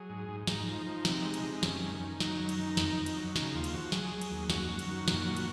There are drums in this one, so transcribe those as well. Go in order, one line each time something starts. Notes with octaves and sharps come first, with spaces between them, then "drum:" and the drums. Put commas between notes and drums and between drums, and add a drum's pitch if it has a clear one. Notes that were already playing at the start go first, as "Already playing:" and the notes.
Already playing: F#3 G#4
G#2
G#2
G#2 D#4, drum: snare
F3
F3
C3, drum: snare
G#3
drum: cymbal
C3
D#4
F#2 C#4, drum: snare
D#3
D#3
F#3 D#4, drum: snare
F#2
drum: cymbal
D#3
F2, drum: snare
F2
drum: cymbal
F#3
C#3 D#4, drum: snare
D#2 F4
drum: cymbal
F3 F#4
F#3 G#4, drum: snare
F#3
drum: cymbal
D#2
F#2 F#4, drum: snare
F#2
drum: cymbal
D#3
A#2, drum: snare
F#3
drum: cymbal